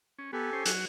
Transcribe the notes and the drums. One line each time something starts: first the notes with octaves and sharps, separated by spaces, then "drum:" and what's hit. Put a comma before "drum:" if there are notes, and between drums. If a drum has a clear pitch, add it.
C#4
B3 G4 A4 G#5
C#4 C5
F#3 F#4, drum: hi-hat